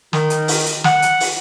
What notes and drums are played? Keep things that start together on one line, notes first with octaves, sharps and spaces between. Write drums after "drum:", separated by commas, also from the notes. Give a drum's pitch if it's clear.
D#3, drum: snare
drum: hi-hat
drum: open hi-hat
drum: hi-hat
F#5, drum: snare
drum: hi-hat
drum: open hi-hat